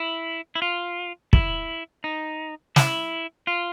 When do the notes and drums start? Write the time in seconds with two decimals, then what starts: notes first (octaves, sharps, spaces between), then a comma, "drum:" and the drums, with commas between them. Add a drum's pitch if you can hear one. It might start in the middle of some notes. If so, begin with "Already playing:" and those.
Already playing: E4
0.55 E4
0.62 F4
1.33 E4, drum: kick
2.04 D#4
2.76 E4, drum: snare
3.47 F4